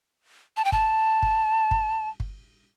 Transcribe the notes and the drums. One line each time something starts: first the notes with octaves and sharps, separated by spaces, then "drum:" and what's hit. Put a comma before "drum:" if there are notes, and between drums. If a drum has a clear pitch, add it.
A5
G5
A5, drum: kick
drum: kick
drum: kick
drum: kick